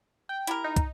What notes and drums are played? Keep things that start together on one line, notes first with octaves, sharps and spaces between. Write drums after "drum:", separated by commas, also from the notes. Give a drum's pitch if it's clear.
G5
E4 G4 A#4, drum: hi-hat
D#4
drum: kick, hi-hat